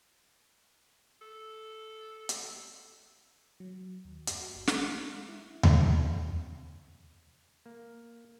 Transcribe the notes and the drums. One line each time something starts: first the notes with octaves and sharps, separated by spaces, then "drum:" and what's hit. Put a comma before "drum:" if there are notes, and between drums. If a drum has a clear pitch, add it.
A4
drum: hi-hat
F#3
D#2
F#2, drum: hi-hat
F#4
G1
C6, drum: snare
G#3
E4
D#6, drum: tom D#2
C#2
C4
A#3